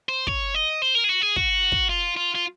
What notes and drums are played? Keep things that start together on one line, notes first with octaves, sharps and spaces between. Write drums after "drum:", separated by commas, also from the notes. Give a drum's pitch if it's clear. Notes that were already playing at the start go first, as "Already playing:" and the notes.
C5
C#5, drum: kick
D#5
C5
A#4
G#4
F#4
G#4
F#4, drum: kick
drum: kick
F4
F4
F4